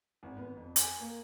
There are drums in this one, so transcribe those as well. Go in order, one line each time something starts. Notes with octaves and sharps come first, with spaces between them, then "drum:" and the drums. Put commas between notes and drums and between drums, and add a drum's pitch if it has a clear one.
G#1
B3
F2
G#5, drum: hi-hat
A#3